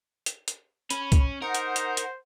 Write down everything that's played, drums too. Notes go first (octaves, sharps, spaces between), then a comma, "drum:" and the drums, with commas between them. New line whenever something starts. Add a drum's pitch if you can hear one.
drum: hi-hat
drum: hi-hat
C#4 B5, drum: hi-hat
drum: kick C2, hi-hat
D#4 A#4 C5 F#5
drum: hi-hat
drum: hi-hat
drum: hi-hat